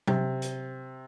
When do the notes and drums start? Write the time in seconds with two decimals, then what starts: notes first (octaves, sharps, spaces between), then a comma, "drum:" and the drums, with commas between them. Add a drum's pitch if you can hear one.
0.07 C3, drum: tom F#3
0.42 drum: hi-hat